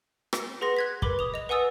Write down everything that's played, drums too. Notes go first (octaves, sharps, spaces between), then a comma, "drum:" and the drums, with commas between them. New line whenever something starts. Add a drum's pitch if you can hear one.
drum: rim click
G#4 B4 F#5 C6 A#6
F#6 G#6 B6
A#4 B4 B5 D6 G7, drum: kick
D#6 F7
D#5 F7
B4 F#5 G#5 D#6 E6 A6